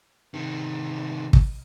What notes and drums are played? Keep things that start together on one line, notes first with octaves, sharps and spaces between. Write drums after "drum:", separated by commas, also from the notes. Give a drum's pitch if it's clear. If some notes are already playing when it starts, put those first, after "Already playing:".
C3 D#3
drum: kick